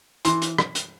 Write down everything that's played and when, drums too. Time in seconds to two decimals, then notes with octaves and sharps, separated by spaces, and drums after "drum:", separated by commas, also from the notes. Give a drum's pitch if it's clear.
0.25 E3 C6, drum: hi-hat
0.42 drum: hi-hat
0.58 drum: rim click
0.75 drum: hi-hat